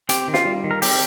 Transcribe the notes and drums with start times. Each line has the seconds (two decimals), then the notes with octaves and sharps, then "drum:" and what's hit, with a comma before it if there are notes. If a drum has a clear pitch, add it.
0.09 C4 G4, drum: hi-hat
0.28 D#3
0.34 F4, drum: snare
0.45 G3
0.64 D#3
0.71 A#4
0.82 C4 G4, drum: open hi-hat